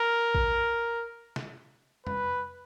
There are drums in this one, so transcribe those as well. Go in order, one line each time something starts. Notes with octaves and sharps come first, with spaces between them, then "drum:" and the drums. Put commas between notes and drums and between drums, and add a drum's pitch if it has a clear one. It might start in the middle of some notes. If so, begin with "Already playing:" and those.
Already playing: A#4
drum: kick A#1
drum: snare
B4, drum: tom